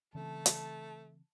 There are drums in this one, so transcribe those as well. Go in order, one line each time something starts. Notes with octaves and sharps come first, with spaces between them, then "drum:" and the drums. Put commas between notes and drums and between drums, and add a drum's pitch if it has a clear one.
C#3 E3 A3 C4 A5
drum: hi-hat